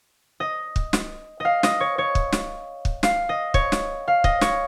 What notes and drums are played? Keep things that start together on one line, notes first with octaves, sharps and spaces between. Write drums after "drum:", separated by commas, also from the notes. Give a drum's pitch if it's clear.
D#5
drum: kick
drum: snare
D#5 F5
D#5, drum: snare
C#5
C#5
drum: kick
drum: snare
drum: kick
F5, drum: snare
D#5
C#5, drum: kick
drum: snare
F5
D#5, drum: kick
C#5, drum: snare